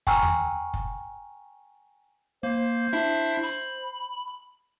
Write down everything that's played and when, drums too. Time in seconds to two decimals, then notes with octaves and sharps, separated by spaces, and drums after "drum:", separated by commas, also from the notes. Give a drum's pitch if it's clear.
0.07 G5 G#5 A#5 C#6 E6 F6, drum: kick
0.22 drum: tom E2
0.74 drum: kick
2.43 A#3 C5
2.93 D4 E4 E5
3.43 B5, drum: hi-hat